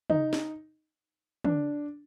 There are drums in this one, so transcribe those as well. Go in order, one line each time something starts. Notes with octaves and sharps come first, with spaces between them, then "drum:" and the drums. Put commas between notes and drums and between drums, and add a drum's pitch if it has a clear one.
D#4, drum: tom
drum: snare
D4, drum: tom